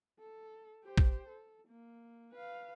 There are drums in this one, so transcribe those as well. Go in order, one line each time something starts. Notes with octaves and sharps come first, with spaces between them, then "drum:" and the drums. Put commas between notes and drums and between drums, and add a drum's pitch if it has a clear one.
A4
G4 C5
drum: kick
A4
A#3
B4 F5